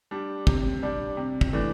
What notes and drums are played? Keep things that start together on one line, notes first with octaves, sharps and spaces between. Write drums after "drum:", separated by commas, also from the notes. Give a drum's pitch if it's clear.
G3 D4
C3, drum: kick
G3 D4
C3
drum: kick
E3 A3 D4